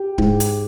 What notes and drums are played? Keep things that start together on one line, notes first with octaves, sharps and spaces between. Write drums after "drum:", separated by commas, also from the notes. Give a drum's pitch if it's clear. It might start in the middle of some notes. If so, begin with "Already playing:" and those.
Already playing: G4
G#2, drum: kick D1
drum: hi-hat